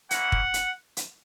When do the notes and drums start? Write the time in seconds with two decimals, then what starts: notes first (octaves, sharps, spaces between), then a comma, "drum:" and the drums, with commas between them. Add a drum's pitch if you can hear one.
0.11 A#3 C#4 E4 F#5, drum: hi-hat
0.32 drum: kick
0.54 drum: hi-hat
0.97 drum: hi-hat